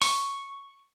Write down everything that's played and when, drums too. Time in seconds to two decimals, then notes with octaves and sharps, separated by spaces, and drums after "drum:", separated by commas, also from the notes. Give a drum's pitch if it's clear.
0.02 C#6, drum: open hi-hat